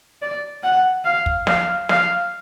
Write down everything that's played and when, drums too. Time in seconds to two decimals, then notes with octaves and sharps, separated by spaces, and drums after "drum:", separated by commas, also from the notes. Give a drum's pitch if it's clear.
0.22 D5
0.63 F#5
1.05 F5
1.26 drum: kick
1.47 F5, drum: snare
1.89 F5, drum: snare